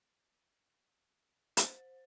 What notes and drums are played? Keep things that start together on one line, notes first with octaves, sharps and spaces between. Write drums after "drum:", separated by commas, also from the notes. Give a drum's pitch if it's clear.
C5, drum: hi-hat